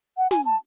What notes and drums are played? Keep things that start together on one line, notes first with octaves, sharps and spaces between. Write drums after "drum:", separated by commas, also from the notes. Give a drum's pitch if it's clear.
F#5
G#5, drum: snare
A5